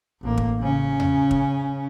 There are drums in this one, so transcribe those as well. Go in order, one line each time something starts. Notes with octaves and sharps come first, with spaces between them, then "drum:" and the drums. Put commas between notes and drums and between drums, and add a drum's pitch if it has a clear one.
A1 A#3
drum: kick
C#3 C#4
drum: tom E2
drum: kick